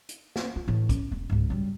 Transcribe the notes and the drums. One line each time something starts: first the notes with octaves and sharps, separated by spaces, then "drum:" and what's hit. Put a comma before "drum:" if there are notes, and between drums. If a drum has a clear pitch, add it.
drum: hi-hat
drum: snare
F4
A2 E3
C#4, drum: kick, hi-hat
E1
C#2 G#2
F#2 G3